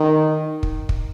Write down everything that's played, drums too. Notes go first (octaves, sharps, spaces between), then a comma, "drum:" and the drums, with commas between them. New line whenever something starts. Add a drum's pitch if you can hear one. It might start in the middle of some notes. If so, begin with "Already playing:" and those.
Already playing: D#3
drum: kick
drum: kick